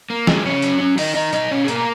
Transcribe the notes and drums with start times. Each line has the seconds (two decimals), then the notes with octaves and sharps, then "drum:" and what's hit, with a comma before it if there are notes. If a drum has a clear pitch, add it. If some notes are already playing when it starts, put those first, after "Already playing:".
0.10 A#3
0.27 E3 G#3 G#4, drum: snare
0.45 C#3 C#4 C#5
0.62 F#3, drum: hi-hat
0.81 C#4
0.98 D#3 D#4 D#5, drum: open hi-hat
1.15 D#3 D#4 D#5
1.33 B2 D#4 D#5, drum: hi-hat
1.51 B2 C#4 C#5
1.64 G#4
1.68 B2 A#3 A#4, drum: hi-hat